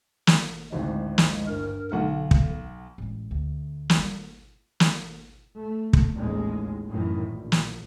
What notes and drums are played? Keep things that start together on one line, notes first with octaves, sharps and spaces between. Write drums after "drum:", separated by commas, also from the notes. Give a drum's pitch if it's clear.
drum: snare
G#1 D2 A2 G#3
drum: snare
G2 A#4
B1 D3 F#5
drum: kick
A1 G#3
D2
drum: snare
G3
drum: snare
A3
drum: kick
A1 D#2 G#3
F#2 A2 D#3 E3
A#1
drum: snare